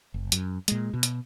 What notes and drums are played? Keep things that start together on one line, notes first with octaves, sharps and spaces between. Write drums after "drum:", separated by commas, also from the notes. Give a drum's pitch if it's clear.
F#1
F#2, drum: hi-hat
A#2 G#3, drum: hi-hat
B2
drum: hi-hat